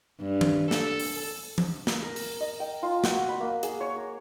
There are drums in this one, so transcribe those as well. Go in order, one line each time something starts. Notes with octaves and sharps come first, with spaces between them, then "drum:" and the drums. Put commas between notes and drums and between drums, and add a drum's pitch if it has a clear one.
G2
drum: tom D#3
A4, drum: snare
drum: open hi-hat
drum: tom E3
drum: snare
A#4
drum: open hi-hat
D#5
G5
F4
F#4, drum: snare
B5
A#3
G#4, drum: hi-hat
C#5
A#4